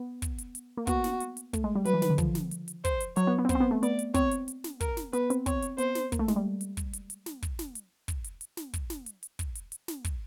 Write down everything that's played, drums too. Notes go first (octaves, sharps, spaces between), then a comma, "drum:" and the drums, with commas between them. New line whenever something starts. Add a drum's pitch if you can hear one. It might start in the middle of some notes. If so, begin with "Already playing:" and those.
Already playing: B3
drum: kick, hi-hat
drum: hi-hat
drum: hi-hat
A#3
B3 F#4, drum: kick, hi-hat
drum: snare
drum: hi-hat
drum: hi-hat
A3, drum: kick, hi-hat
G#3
G3
F#3 B4, drum: hi-hat
E3
D#3, drum: snare
D3
F3, drum: kick, hi-hat
drum: snare
drum: hi-hat
drum: hi-hat
C5, drum: kick, hi-hat
drum: hi-hat
F#3 C#5, drum: hi-hat
B3
B3
C4
B3 C5, drum: kick, hi-hat
C4
B3
A3
B3 D5, drum: hi-hat
drum: hi-hat
C4 C#5, drum: kick, hi-hat
drum: hi-hat
drum: hi-hat
drum: snare
A#4, drum: kick, hi-hat
drum: snare
B3 B4, drum: hi-hat
C4, drum: hi-hat
C4 C#5, drum: kick, hi-hat
drum: hi-hat
B3 C5, drum: hi-hat
drum: snare
A#3, drum: kick, hi-hat
A3
G#3, drum: snare
G3
drum: hi-hat
drum: kick, hi-hat
drum: hi-hat
drum: hi-hat
drum: snare
drum: kick, hi-hat
drum: snare
drum: hi-hat
drum: kick, hi-hat
drum: hi-hat
drum: hi-hat
drum: snare
drum: kick, hi-hat
drum: snare
drum: hi-hat
drum: hi-hat
drum: kick, hi-hat
drum: hi-hat
drum: hi-hat
drum: snare
drum: kick, hi-hat